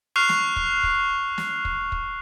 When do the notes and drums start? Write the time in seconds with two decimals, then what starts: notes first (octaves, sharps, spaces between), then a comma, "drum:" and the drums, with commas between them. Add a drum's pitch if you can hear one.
0.16 C#6 F6 F#6 C7 F7
0.29 drum: snare
0.56 drum: kick
0.83 drum: kick
1.38 drum: snare
1.65 drum: kick
1.92 drum: kick